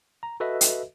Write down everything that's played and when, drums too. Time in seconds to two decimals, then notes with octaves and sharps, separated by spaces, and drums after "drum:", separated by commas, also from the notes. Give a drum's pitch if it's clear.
0.23 A#5
0.40 F#4 A4 B4 D#5 E5
0.61 drum: hi-hat